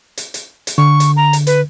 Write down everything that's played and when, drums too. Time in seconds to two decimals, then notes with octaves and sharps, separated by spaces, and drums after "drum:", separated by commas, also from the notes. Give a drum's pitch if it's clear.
0.17 drum: hi-hat
0.34 drum: hi-hat
0.67 drum: hi-hat
0.78 D3 C#6
1.00 drum: hi-hat
1.17 A#5
1.33 drum: hi-hat
1.47 B4, drum: hi-hat